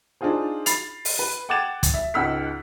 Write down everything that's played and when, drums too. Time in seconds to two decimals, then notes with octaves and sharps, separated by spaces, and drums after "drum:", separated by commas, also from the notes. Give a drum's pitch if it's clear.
0.21 D4 D#4 F4 G#4 C5
0.66 B5 A6 C7 F7, drum: hi-hat
1.05 drum: open hi-hat
1.19 B4
1.49 F#5 G5 D6 G#6 A6 E7
1.83 drum: kick, hi-hat
1.94 E5
2.14 C#2 G#2 F#5 E6 F6 B6